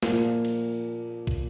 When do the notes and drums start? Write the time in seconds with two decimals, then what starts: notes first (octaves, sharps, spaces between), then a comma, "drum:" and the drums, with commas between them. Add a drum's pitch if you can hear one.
0.03 A#2 F3 A#3, drum: snare
0.45 drum: cymbal
1.27 drum: kick